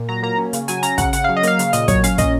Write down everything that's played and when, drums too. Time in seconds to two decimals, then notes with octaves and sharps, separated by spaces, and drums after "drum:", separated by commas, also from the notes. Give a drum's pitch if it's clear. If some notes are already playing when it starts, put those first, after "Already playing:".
Already playing: A#2
0.09 F#3 A#5
0.23 A#3 A#5
0.38 C#4
0.53 C#3, drum: hi-hat
0.68 F#3 G#5, drum: hi-hat
0.83 C#4 A#5, drum: hi-hat
0.98 C#3 F#5, drum: kick, hi-hat
1.13 C#3 F#5, drum: hi-hat
1.24 F#3 F5
1.37 D#5
1.43 A#3 F5, drum: hi-hat
1.59 C#3, drum: hi-hat
1.73 A#2 D#5, drum: hi-hat
1.88 F#3 C#5, drum: kick, hi-hat
2.04 C#4 F5, drum: hi-hat
2.18 A#2 D#5, drum: kick, hi-hat